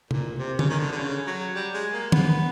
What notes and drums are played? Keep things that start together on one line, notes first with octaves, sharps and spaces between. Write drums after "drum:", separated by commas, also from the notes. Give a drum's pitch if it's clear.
A#2, drum: tom
C3
C#3, drum: tom
D#3
D3
D3
C#3
F#3
G3
G#3
A#3
B3, drum: tom